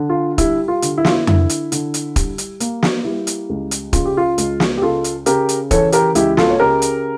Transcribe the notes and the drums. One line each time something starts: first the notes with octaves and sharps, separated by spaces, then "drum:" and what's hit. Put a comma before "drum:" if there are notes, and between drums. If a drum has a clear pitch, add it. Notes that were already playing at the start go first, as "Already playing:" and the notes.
Already playing: D3
F4
G3 E4, drum: kick, hi-hat
F4
D3, drum: hi-hat
E4
F4, drum: snare
E4
D3 E4, drum: tom F2
drum: hi-hat
D3, drum: hi-hat
drum: hi-hat
G3, drum: kick, hi-hat
drum: hi-hat
A#3, drum: hi-hat
drum: snare
G3 E4
drum: hi-hat
C#2
drum: hi-hat
C#3 F4, drum: kick, hi-hat
G4
F4
C#2, drum: hi-hat
drum: snare
G4
C#3 F4 A4
drum: hi-hat
C#3 G4 A#4, drum: hi-hat
drum: hi-hat
E3 A4 C#5, drum: kick, hi-hat
G4 A#4, drum: hi-hat
C#2 E4 G4, drum: hi-hat
F4 A4, drum: snare
C#5
C#3 G4 A#4
drum: hi-hat